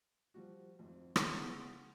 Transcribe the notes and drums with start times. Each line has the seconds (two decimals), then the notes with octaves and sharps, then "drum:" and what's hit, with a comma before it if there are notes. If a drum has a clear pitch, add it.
0.34 F3 G3 F#4
0.79 G#1 F2
1.16 C#3 E3 G#3 B3, drum: rim click